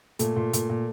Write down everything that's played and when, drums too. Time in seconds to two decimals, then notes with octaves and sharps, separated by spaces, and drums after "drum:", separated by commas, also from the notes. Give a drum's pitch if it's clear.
0.19 A#2 A3, drum: hi-hat
0.36 A#2
0.53 A#2, drum: hi-hat
0.70 A#2